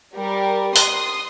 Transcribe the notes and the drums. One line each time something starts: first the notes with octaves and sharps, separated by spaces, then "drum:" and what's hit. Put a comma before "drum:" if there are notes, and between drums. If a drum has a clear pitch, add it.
G3 A#4
C6 D#6, drum: open hi-hat